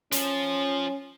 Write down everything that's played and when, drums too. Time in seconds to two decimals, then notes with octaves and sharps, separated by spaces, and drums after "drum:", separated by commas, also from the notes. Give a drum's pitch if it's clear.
0.12 F3 C#4, drum: hi-hat